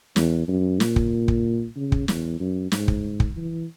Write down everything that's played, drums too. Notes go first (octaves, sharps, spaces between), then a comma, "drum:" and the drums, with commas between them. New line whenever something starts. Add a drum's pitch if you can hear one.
E2, drum: snare
F#2
A#2, drum: snare
drum: kick
drum: kick
C#3
drum: kick
E2, drum: snare
F#2
G#2, drum: snare
drum: kick
drum: kick
E3